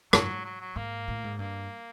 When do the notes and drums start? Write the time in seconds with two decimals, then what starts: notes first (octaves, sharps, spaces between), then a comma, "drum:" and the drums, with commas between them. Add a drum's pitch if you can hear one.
0.13 F#2 F#3, drum: rim click
0.45 F#3
0.61 F#3
0.76 G#2 A#3
1.08 A2
1.24 G#2
1.39 G2 A#3